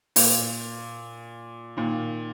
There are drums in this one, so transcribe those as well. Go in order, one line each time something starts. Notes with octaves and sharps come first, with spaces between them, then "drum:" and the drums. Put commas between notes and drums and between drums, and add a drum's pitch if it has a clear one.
A#2, drum: open hi-hat
A#2 D#3